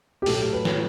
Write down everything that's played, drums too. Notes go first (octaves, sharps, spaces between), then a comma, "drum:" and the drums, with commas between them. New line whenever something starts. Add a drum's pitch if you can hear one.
G4
A2 F#3 A3 A4, drum: open hi-hat
B4
drum: snare